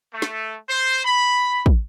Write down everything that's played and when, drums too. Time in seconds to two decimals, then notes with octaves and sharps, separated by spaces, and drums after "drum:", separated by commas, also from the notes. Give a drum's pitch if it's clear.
0.13 A3
0.22 drum: snare
0.68 C5
1.04 B5
1.66 drum: kick